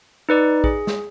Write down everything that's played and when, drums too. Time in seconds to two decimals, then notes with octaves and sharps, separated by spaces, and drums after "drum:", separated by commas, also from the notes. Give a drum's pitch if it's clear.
0.29 D#4 B4 D5
0.64 G#4, drum: kick A1
0.87 drum: snare